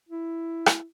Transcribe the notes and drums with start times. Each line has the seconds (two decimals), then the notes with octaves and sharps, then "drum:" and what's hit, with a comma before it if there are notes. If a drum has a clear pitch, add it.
0.09 E4
0.66 drum: rim click